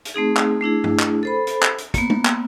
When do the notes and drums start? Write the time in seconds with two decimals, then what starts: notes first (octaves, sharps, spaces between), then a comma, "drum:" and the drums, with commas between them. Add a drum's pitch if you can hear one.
0.05 drum: hi-hat
0.14 A3 C4 D#4 G#4
0.37 drum: clap
0.61 A3 D4 E4 G#4
0.84 drum: tom G2
1.00 drum: clap
1.23 A4 C5 B5
1.47 drum: hi-hat
1.62 drum: clap
1.78 drum: hi-hat
1.94 A#3 B3, drum: kick, hi-hat
2.10 drum: tom
2.25 drum: clap